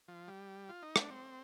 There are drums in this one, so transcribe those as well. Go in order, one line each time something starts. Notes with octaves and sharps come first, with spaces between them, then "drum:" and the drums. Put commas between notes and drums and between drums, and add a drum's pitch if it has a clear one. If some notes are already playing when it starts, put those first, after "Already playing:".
F3
G3
F4
D#4
D4, drum: rim click
C4